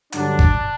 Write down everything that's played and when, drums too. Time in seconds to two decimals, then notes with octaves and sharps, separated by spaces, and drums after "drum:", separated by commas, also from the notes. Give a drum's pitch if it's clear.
0.12 G2 D3 F#3 D4, drum: hi-hat
0.39 drum: kick G1